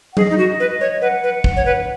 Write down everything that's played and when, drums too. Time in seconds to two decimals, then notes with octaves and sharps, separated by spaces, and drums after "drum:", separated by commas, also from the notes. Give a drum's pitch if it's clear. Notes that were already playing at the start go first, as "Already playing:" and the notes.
0.13 F#5
0.17 G#4 D#5, drum: tom F#3
0.30 D#4
0.38 F#4
0.60 B4
0.81 C#5
1.01 B4 F#5
1.24 B4
1.44 drum: kick
1.57 C#5
1.66 B4